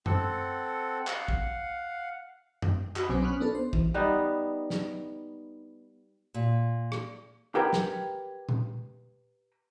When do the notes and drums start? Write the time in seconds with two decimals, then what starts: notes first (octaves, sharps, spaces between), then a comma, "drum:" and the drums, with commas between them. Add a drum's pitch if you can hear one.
0.06 C4 A4 F#5, drum: tom F#2
1.07 F5 F#5, drum: clap
1.28 drum: kick A1
2.62 drum: tom F#2
2.96 F#4 B5, drum: clap
3.09 B1 B2 F#3 C4 G#5 D6
3.22 C#4 B5 C#6 D#6 F6 F#6
3.40 B3 D4 A4
3.55 C5
3.73 E3, drum: kick A1
3.94 G3 B3 D#4
4.70 drum: snare
6.34 A#2
6.92 drum: rim click
7.55 G4 A#4 B4 G5 G#5 A#5
7.73 drum: snare
8.49 drum: tom